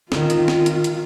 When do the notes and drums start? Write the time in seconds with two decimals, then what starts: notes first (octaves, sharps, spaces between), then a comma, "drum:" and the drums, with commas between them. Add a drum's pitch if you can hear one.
0.12 D#3 F4, drum: snare
0.30 drum: hi-hat
0.48 drum: snare
0.66 drum: hi-hat
0.84 drum: hi-hat